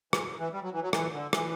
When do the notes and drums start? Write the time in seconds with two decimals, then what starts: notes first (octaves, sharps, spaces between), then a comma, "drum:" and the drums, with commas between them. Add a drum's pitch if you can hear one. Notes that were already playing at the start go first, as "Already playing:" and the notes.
0.13 E3, drum: rim click
0.39 E3
0.53 G3
0.63 F#3
0.73 E3
0.82 F#3
0.93 E3, drum: rim click
1.13 D3
1.33 E3, drum: rim click